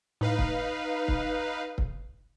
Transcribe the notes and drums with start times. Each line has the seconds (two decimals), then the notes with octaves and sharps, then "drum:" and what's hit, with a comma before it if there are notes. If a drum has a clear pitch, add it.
0.21 A2 D#4 B4 F5
0.38 drum: kick C#1
1.08 drum: kick C#1
1.78 drum: kick C#1